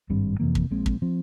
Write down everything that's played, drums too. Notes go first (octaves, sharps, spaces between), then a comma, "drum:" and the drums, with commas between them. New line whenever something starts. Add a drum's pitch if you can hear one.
G#1 G2 G3 C4
F2 C3 E3 A#3
drum: kick
A#1 A#2 G#3 C4
drum: kick
F3 C4